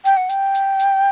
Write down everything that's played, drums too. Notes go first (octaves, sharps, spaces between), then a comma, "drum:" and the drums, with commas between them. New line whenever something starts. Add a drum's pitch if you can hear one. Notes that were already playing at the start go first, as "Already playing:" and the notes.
G5, drum: hi-hat
F#5
G5, drum: hi-hat
drum: hi-hat
drum: hi-hat